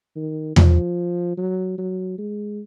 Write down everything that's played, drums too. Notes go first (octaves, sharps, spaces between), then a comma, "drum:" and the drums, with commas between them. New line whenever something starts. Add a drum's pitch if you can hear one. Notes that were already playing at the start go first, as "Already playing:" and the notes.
D#3
F3, drum: tom E2
F#3
F#3
G#3